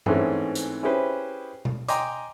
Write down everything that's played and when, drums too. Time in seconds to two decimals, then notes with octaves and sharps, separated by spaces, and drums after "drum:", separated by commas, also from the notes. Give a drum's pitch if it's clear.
0.06 G#2 E3 G#3 A3 C4 C#4, drum: tom G2
0.55 drum: hi-hat
0.83 C#4 E4 G4 G#4 B4 C5
1.65 drum: tom B2
1.88 D#5 G5 G#5 A#5 C6 D6, drum: hi-hat